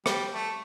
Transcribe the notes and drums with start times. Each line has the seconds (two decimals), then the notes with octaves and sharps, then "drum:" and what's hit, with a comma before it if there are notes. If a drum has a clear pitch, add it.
0.06 G3, drum: rim click
0.31 A3